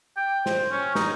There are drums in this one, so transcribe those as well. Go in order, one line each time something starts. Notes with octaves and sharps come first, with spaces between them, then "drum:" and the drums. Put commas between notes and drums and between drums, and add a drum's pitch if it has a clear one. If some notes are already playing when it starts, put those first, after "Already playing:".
G5
C5, drum: snare
C#4
D#4, drum: snare